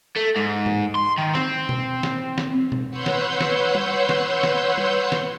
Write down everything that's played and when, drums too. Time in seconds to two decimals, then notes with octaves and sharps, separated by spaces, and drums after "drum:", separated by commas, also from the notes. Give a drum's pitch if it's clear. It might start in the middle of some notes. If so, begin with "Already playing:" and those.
0.17 A3
0.37 G#2
0.66 drum: tom G#2
0.95 C6
1.18 D#3
1.35 C4, drum: snare
1.69 drum: tom B2
2.03 drum: snare
2.38 drum: snare
2.72 drum: tom B2
2.90 B4 C#5 F#5 C6 E6 G6
3.06 drum: snare
3.40 drum: snare
3.75 drum: tom G3
4.09 drum: snare
4.43 drum: snare
4.78 drum: tom G3
5.12 drum: snare